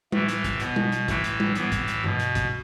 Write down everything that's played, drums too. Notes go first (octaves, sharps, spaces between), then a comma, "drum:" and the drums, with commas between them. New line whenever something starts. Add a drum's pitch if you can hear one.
A2 E3 A3, drum: tom G3
drum: hi-hat
drum: kick, hi-hat
B2 B3, drum: hi-hat
drum: tom G3
drum: hi-hat
A2 E3 A3, drum: kick, hi-hat
drum: hi-hat
drum: tom G3
A2 E3 B3, drum: hi-hat
drum: kick, hi-hat
drum: hi-hat
B2, drum: tom G2
drum: hi-hat
drum: kick, hi-hat